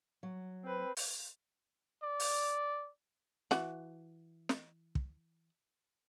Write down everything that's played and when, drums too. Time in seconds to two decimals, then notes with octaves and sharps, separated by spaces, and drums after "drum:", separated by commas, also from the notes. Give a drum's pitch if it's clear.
0.23 F#3
0.64 C4 B4
0.97 drum: open hi-hat
2.03 D5
2.20 drum: open hi-hat
3.51 E3 F#4, drum: snare
4.49 drum: snare
4.95 drum: kick